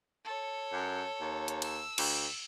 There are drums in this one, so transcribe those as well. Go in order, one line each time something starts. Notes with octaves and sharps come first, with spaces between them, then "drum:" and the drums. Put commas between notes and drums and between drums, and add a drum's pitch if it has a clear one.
A4 C#5
F#2
D#2
drum: hi-hat
E6, drum: cymbal
D2, drum: cymbal